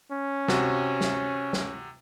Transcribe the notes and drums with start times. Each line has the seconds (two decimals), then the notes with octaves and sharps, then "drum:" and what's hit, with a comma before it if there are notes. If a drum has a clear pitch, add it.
0.12 C#4
0.48 C3 F#4, drum: snare
1.01 drum: snare
1.53 drum: snare